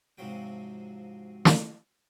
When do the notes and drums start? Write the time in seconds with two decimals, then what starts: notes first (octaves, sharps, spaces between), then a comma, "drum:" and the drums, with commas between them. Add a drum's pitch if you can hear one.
0.18 G#2 C3 F3 F#3 G5
1.45 drum: snare